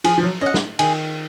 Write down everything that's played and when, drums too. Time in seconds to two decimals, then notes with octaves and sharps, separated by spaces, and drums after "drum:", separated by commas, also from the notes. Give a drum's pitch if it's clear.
0.04 F3 G#4, drum: cymbal
0.18 F3
0.23 F#3
0.41 C#4 D#5 F#5
0.54 drum: snare
0.79 D#3 G#4, drum: cymbal